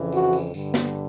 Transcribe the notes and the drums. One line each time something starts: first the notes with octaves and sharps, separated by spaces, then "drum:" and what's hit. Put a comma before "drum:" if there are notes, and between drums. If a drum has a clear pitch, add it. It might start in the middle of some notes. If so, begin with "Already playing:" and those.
Already playing: F2 C#3 E3
F#4, drum: tambourine
drum: tambourine
G2 D3, drum: tambourine
drum: snare B3